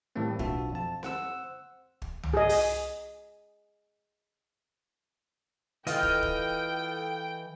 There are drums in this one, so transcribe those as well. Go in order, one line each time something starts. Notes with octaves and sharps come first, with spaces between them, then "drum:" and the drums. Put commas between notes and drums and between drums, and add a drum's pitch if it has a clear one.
A2 E3 G3 A#3 C4
B1 D4 F4 F#4 E5 A5, drum: kick
F2 A5
C5 F#5 E6, drum: snare C4
drum: kick
drum: tom C2
G#4 D#5
drum: open hi-hat
E3 F4 A4 D#5 G5, drum: hi-hat
drum: kick
drum: kick